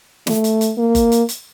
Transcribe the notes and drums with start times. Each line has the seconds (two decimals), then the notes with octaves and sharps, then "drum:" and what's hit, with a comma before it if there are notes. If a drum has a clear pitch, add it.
0.27 A3, drum: snare
0.44 drum: hi-hat
0.61 drum: hi-hat
0.78 A#3
0.95 drum: kick F#1, hi-hat
1.12 drum: hi-hat
1.29 drum: hi-hat